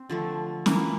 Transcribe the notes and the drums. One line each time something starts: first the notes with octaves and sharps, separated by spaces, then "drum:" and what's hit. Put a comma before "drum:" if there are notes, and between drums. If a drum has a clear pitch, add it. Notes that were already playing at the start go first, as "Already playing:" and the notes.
Already playing: C4
D3 F3 A3
E3 A#3, drum: snare